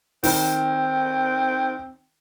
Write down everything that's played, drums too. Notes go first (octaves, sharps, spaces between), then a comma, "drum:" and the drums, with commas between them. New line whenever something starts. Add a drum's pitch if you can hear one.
D#3 C4, drum: open hi-hat